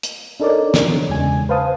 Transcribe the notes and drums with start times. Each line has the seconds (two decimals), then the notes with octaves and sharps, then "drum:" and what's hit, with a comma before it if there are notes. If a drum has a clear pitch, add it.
0.03 drum: hi-hat
0.40 D4 D#4 A4 A#4 C#5 D5
0.74 drum: snare
1.09 E2 C#3 G#3 G#5
1.49 B4 C5 F5 A5 D#6